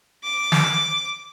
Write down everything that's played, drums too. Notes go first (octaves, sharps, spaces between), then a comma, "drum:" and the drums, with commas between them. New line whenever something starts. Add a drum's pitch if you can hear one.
D6
drum: snare